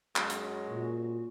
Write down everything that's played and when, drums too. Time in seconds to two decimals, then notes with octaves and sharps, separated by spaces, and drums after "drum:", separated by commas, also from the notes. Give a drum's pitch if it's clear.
0.16 F#2 F#3 G#3 F#4, drum: clap
0.30 drum: hi-hat
0.70 A#2